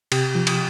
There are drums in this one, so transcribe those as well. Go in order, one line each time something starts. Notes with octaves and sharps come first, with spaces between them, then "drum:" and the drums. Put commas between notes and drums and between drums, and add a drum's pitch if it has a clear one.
C3 G4, drum: cymbal
F3
drum: cymbal